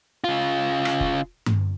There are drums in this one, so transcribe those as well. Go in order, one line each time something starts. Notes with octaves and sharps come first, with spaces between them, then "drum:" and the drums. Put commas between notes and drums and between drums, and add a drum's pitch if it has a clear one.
C#3 F4
drum: rim click
drum: kick F1
drum: tom G2